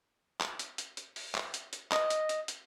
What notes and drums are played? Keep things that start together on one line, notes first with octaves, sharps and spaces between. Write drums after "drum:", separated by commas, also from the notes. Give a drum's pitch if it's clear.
drum: clap
drum: hi-hat
drum: hi-hat
drum: hi-hat
drum: open hi-hat
drum: clap
drum: hi-hat
drum: hi-hat
D#5, drum: clap
drum: hi-hat
drum: hi-hat
drum: hi-hat